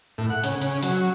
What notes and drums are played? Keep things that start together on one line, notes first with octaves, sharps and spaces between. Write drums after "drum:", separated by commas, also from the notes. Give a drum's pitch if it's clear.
A2
F#5
C#3, drum: hi-hat
C#3, drum: hi-hat
F#3, drum: hi-hat